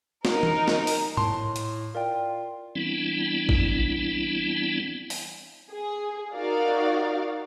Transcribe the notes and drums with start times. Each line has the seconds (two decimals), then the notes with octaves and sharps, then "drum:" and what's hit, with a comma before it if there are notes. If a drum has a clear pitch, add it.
0.25 D#4 A#4, drum: snare
0.43 drum: tom E3
0.68 drum: snare
0.87 drum: open hi-hat
1.17 A2 A5 C6, drum: tom
1.56 drum: hi-hat
1.95 F4 A#4 D5 G5
2.75 E3 G3 B3 C4 D4 E4
3.49 drum: kick A1
5.10 drum: open hi-hat
5.71 G#4
6.34 D#4 F#4 A#4 D5 F5